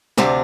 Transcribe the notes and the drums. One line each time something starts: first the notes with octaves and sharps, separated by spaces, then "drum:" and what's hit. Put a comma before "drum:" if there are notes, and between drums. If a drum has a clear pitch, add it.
D2 C3 F3 D4, drum: snare